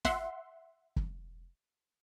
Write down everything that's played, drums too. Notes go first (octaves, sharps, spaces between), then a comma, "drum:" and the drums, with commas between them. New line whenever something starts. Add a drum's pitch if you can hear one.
E5 F#5 C6, drum: snare
drum: kick